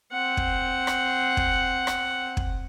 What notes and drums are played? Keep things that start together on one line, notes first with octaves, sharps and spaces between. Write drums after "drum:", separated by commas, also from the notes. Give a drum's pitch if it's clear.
C4 F#5
drum: kick
drum: rim click
drum: kick
drum: rim click
drum: kick